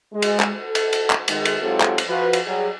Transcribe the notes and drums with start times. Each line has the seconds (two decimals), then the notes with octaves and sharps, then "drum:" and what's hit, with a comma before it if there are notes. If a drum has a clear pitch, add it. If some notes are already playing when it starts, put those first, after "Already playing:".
0.13 G#3
0.22 drum: cymbal
0.40 drum: clap
0.62 A4
0.75 drum: cymbal
0.93 drum: cymbal
1.10 drum: clap
1.28 D#3 G#3, drum: cymbal
1.45 drum: cymbal
1.62 G#2 F#3 C4 F4 G4 A4
1.81 drum: clap
1.98 drum: cymbal
2.08 F3 F#4 B4
2.33 drum: cymbal
2.46 F#3 G3 F#4 G#4